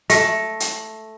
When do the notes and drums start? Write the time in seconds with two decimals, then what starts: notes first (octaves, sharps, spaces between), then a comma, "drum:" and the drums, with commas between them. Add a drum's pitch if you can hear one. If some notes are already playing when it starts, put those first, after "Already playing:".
0.10 A3 A#6, drum: hi-hat
0.60 drum: hi-hat